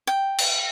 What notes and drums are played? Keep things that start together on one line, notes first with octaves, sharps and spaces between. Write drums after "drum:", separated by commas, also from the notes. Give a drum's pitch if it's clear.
G5
drum: cymbal